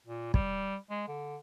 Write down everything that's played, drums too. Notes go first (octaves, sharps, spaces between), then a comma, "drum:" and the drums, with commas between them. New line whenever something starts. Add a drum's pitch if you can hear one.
A#2
G3, drum: kick
G#3
D3